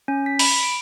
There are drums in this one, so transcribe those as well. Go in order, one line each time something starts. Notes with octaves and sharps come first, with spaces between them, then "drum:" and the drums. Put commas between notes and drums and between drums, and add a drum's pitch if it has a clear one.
C#4
B6
B5, drum: open hi-hat
D7